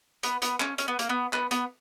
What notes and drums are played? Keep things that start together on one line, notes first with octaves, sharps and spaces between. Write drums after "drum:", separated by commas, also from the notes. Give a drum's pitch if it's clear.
B3, drum: hi-hat
B3, drum: hi-hat
C#4, drum: clap
C#4, drum: hi-hat
B3
A#3, drum: hi-hat
B3
B3, drum: clap
B3, drum: hi-hat